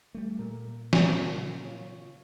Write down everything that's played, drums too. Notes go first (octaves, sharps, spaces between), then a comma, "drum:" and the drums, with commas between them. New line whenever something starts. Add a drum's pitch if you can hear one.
G3 A3
A#2 A#4
C5, drum: snare
C#3 F#3 A#3
F4 C#5